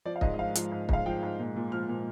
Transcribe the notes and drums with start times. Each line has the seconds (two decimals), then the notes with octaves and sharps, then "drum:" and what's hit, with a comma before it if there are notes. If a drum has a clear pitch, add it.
0.05 F3 D5
0.16 F5
0.21 G#2 D#5, drum: kick
0.34 D#5
0.39 F3 F5
0.55 F3, drum: hi-hat
0.72 G#2
0.89 G#2 F5, drum: kick
1.06 F3 G5
1.23 G#2
1.40 A#2
1.56 A#2
1.72 F3 F6
1.89 A#2